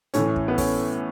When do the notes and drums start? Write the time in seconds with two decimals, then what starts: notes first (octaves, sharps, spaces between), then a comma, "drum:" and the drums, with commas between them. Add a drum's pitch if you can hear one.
0.14 A2 E3 C#4, drum: hi-hat
0.36 drum: kick
0.48 B3
0.58 C#4, drum: kick, open hi-hat